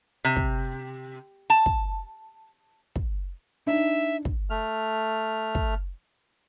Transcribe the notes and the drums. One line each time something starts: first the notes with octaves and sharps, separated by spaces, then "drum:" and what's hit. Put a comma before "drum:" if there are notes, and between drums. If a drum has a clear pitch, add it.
C3
drum: kick
A5
drum: kick
drum: kick
D4 D#4 E5
drum: kick
A3 F6
drum: kick